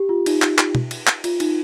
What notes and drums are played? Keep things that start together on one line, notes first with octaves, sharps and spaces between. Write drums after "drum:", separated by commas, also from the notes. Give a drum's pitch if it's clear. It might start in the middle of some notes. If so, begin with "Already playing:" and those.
Already playing: G4
F4
D#4, drum: cymbal
drum: clap
drum: clap
drum: tom B2
drum: cymbal
drum: clap
F4, drum: cymbal
D#4, drum: cymbal